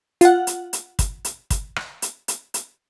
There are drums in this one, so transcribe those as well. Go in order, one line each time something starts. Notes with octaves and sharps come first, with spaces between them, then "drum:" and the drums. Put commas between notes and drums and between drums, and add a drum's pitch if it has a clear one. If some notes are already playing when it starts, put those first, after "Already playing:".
F4 F#5, drum: hi-hat
drum: hi-hat
drum: hi-hat
drum: kick, hi-hat
drum: hi-hat
drum: kick, hi-hat
drum: rim click
drum: hi-hat
drum: hi-hat
drum: hi-hat